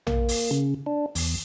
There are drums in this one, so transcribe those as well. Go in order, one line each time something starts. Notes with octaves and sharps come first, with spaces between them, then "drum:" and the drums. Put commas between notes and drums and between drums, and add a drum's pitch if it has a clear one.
A#3, drum: tom A#1
drum: open hi-hat
C#3
D4
E2, drum: open hi-hat